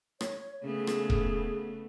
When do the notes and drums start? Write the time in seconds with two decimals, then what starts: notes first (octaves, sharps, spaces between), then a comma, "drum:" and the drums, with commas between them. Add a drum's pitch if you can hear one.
0.21 C#5, drum: rim click
0.63 C#3 A3 B3 G#4
0.87 drum: rim click
1.10 drum: kick